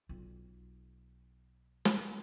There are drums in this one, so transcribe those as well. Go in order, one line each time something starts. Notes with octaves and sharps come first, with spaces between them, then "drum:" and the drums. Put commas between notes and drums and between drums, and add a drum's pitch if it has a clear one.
B1 F4
drum: snare